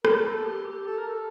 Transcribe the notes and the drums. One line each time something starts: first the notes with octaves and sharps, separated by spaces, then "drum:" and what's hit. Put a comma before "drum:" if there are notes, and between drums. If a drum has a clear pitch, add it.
A#4, drum: rim click
A4
G4
G4
A4
A#4
A4